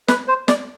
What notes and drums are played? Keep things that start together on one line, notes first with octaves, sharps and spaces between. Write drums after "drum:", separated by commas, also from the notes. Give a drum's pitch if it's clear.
B4, drum: snare
C5
D5, drum: snare